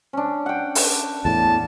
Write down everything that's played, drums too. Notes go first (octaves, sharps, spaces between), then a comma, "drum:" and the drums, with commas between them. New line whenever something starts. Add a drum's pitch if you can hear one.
C#4 D4
F#5 G5
drum: open hi-hat
E2 A2 A5